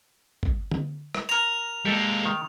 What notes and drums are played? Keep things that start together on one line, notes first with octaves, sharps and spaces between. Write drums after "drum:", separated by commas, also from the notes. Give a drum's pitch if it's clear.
drum: kick G1
drum: tom D3
drum: rim click
A#4 A#5 F7
G#3 A#3 G4 A4
D#3